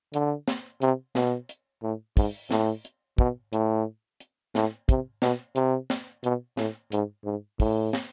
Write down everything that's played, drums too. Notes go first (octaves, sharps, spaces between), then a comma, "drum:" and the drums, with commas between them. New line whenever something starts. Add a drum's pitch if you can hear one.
D3, drum: hi-hat
drum: snare
C3, drum: hi-hat
B2, drum: snare
drum: hi-hat
A2
G#2, drum: kick, open hi-hat
A2, drum: snare
drum: hi-hat
B2, drum: kick
A2, drum: hi-hat
drum: hi-hat
A2, drum: snare
C3, drum: kick, hi-hat
B2, drum: snare
C3, drum: hi-hat
drum: snare
B2, drum: hi-hat
A2, drum: snare
G#2, drum: hi-hat
G#2
A2, drum: kick, open hi-hat
drum: snare